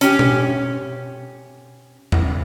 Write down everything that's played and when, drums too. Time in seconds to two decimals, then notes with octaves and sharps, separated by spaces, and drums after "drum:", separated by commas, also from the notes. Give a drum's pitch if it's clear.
0.01 C#4 G4, drum: hi-hat
0.19 drum: tom B2
2.12 drum: tom E2